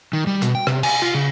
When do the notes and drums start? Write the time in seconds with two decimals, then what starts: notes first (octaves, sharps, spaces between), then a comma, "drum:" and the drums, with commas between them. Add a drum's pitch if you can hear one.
0.13 D#3
0.27 G3
0.42 B2, drum: hi-hat
0.55 G5
0.67 C3, drum: rim click
0.83 G#5, drum: cymbal
1.02 F4
1.15 C#3